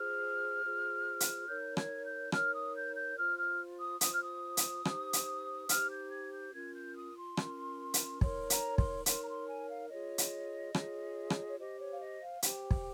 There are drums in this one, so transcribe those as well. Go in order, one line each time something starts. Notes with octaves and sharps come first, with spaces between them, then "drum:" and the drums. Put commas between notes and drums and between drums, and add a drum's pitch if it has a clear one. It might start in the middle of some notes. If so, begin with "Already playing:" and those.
Already playing: F4 G#4 C5 F6
F4 G#4 C5
drum: hi-hat
D#4 A#4 C#5 G6
G#6, drum: rim click
G6
D#4 A#4 C#5 F6, drum: rim click
D#6
G6
G6
F4 C5 F6
F6
D#6
F4 C5 D#6, drum: hi-hat
F6
D#6
drum: hi-hat
D#4 G4 C5, drum: rim click
drum: hi-hat
D#4 G4 C5 F6, drum: hi-hat
G6
G#6
G6
C#4 F4 A#4 G#6
G6
D#6
C6
C#4 F4 A#4, drum: rim click
drum: hi-hat
D#4 A#4 C#5 C6, drum: kick
A#5, drum: hi-hat
C6, drum: kick
D#4 A#4 C#5 C6, drum: hi-hat
A#5
C6
G#5
F5
F4 G#4 C#5 D#5
drum: hi-hat
F4 G#4 C#5, drum: rim click
drum: rim click
C#5
G4 C5 D#5
C#5
F5
D#5
F5
G4 C5 G5, drum: hi-hat
drum: kick